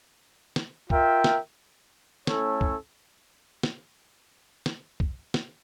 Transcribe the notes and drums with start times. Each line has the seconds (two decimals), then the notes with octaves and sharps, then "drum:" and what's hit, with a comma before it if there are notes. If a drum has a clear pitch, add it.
0.56 drum: snare
0.90 F4 A#4 E5 G5, drum: kick B1
1.24 drum: snare
2.27 A3 C#4 E4 A4 C#5, drum: snare
2.61 drum: kick B1
3.63 drum: snare
4.66 drum: snare
5.00 drum: kick B1
5.34 drum: snare